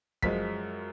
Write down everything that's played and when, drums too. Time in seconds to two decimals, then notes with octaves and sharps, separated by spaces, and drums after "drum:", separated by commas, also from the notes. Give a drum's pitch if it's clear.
0.22 F#2 F3 G#3 B6, drum: kick